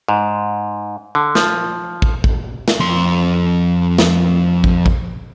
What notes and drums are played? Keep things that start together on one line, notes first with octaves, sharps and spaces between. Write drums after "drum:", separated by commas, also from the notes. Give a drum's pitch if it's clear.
G#2
D3
F3, drum: snare
drum: kick
drum: kick
drum: snare
F2 C6
drum: snare
drum: kick
drum: kick